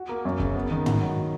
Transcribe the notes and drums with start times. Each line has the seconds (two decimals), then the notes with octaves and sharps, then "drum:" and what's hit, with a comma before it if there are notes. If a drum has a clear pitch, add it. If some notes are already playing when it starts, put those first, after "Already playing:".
Already playing: F#4
0.09 A#3
0.25 F#2
0.40 C#3, drum: kick
0.54 B3
0.71 D#3
0.86 F#4, drum: tom
1.01 F#3